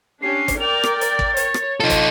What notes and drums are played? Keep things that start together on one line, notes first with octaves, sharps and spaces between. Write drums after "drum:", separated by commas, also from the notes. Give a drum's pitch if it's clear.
C#4 D4 G4 C7
drum: kick, hi-hat
A#4 D5 G5 F7
drum: rim click
A6, drum: hi-hat
drum: kick
C#5, drum: hi-hat
drum: rim click
D#4 F4 A4
drum: kick, hi-hat